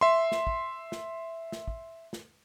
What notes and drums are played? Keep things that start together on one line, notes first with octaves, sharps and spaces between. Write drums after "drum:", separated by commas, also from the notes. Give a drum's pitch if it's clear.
E5 C6
drum: snare
drum: kick
drum: snare
drum: snare
drum: kick
drum: snare